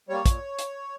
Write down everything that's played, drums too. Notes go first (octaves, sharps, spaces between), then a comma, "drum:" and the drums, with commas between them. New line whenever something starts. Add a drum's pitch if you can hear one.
G3 A#3 C#5
A#2, drum: kick, hi-hat
drum: hi-hat